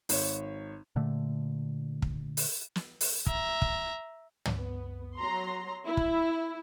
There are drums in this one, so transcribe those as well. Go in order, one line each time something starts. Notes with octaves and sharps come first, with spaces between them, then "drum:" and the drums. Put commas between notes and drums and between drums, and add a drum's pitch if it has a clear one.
G#1 C#5, drum: open hi-hat
A#2 D3 A3
drum: kick
drum: open hi-hat
drum: snare
drum: open hi-hat
E5 A#5, drum: kick
drum: kick
drum: tom
B3
F#3 A#5 C6
E4
drum: kick